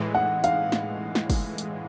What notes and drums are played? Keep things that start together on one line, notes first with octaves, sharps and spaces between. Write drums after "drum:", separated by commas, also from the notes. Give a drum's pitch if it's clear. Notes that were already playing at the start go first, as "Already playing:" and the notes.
Already playing: A2 E3 G#3
F#5
F5, drum: hi-hat
drum: snare
drum: snare
drum: kick, open hi-hat
drum: hi-hat